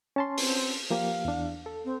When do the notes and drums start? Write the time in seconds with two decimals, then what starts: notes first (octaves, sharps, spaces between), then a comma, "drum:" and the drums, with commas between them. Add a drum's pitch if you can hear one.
0.16 C#4 A5 C6
0.38 C4, drum: open hi-hat
0.90 F3 A#3 G4 F5
1.25 E2 D4
1.66 A4
1.85 C4